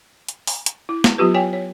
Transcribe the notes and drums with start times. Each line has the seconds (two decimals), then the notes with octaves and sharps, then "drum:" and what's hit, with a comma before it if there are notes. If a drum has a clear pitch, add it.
0.29 drum: hi-hat
0.47 drum: open hi-hat
0.66 drum: hi-hat
0.89 E4
1.04 B3, drum: snare
1.18 F#3 B3 F4 G4 B4
1.34 C#5 G5 G#5
1.53 C#5